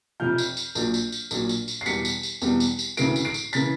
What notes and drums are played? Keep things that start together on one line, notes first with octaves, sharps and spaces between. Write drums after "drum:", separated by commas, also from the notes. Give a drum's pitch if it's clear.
F1 F2 C3 F3 F6 G6
drum: tambourine
drum: tambourine
A#1 A#2 F#3, drum: tambourine
drum: tambourine
drum: tambourine
A#1 A#2 F#3, drum: tambourine
drum: tambourine
drum: tambourine
C7
E2 B2 G3 B6 C#7, drum: tambourine
drum: tambourine
drum: tambourine
E2 B2 G3, drum: tambourine
drum: tambourine
drum: tambourine
D2 C#3 E3 C7 D7, drum: tambourine
drum: tambourine
C7 D7
drum: tambourine
C#3 E3 A6 B6, drum: tambourine